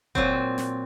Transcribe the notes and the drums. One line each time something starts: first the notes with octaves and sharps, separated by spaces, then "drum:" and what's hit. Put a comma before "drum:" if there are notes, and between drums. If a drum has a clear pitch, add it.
A#2 F#3 C4, drum: kick F1
drum: snare